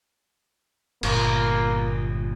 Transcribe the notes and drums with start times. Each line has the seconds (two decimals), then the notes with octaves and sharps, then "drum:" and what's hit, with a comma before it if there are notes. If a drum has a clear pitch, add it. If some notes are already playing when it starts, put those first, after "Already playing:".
1.03 G1 A#2 A#3, drum: cymbal